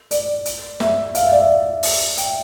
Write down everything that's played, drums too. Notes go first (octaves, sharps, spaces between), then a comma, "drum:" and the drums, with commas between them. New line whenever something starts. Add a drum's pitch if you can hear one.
D5, drum: hi-hat
drum: hi-hat
E5, drum: snare
F5, drum: hi-hat
E5
D5
E5
drum: open hi-hat
G5, drum: hi-hat